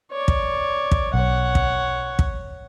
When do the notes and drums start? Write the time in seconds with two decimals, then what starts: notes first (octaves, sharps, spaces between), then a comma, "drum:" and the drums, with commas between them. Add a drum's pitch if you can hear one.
0.12 C#5 D5
0.28 drum: kick
0.91 drum: kick
1.14 B1 C#5 F#5
1.55 drum: kick
2.19 drum: kick